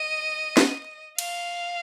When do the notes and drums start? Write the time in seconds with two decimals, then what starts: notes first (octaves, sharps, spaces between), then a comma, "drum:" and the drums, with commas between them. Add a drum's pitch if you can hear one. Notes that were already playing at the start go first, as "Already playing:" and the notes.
Already playing: D#5
0.57 drum: snare
1.18 F5, drum: cymbal